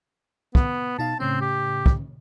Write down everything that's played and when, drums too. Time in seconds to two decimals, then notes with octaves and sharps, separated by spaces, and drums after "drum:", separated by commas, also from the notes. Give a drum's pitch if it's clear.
0.55 B3, drum: kick
0.99 B2 D#4 F5 A5
1.20 A2 C#3 C4 C#4
1.41 G4
1.86 drum: kick